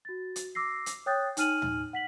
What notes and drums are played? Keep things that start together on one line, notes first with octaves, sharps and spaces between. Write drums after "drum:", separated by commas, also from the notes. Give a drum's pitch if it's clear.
F#4 A6
drum: hi-hat
D6 E6 A#6 C7
drum: hi-hat
C#5 G5 D#6 F#6 G6 A6
D#4 G#5 F6 D#7 F#7, drum: hi-hat
drum: tom
F#5 B6 F#7